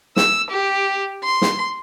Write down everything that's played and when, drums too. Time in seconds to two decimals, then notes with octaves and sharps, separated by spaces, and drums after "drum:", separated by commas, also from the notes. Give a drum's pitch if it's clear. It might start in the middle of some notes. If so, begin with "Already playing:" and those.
0.16 E6, drum: snare
0.50 G4
1.23 C6
1.42 drum: snare